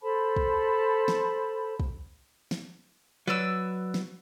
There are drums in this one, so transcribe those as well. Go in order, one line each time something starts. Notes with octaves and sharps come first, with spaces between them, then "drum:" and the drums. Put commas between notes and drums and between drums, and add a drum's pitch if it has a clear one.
A4 C5 A5 B5
drum: kick
drum: snare
drum: kick
drum: snare
F#3 B4 D5 E6
drum: snare